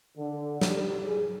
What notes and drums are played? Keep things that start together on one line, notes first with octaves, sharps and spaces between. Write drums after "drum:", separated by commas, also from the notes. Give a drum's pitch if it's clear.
D3
G3, drum: snare
G#4